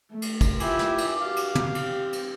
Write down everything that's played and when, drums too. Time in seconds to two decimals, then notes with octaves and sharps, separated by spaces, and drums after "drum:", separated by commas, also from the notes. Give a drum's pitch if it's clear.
0.11 A3
0.22 drum: cymbal
0.41 drum: kick, cymbal
0.60 E4 F4 G4 E5 G#5 D6, drum: cymbal
0.79 drum: snare
0.98 drum: cymbal
1.20 F#4 G4 F5
1.36 drum: cymbal
1.55 drum: tom
1.75 C4 G4, drum: cymbal
2.13 drum: cymbal